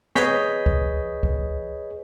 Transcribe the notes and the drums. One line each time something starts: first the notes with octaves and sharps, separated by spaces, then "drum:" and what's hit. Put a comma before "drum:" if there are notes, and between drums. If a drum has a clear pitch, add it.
G#4 B4 C#5 D#5 G6 B6, drum: snare
drum: kick C#2
drum: kick C#2